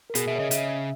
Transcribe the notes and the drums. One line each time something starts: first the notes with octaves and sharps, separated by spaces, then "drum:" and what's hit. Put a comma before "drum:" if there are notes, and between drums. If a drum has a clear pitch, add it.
A#4
B2 G#4, drum: hi-hat
B2 E5
C#5
C#3 D#5
C#3 E5, drum: hi-hat